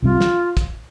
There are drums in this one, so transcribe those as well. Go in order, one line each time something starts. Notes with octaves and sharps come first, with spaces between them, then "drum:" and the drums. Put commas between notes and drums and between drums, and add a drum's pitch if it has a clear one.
C2 C3 G3 F4
drum: snare
drum: kick, hi-hat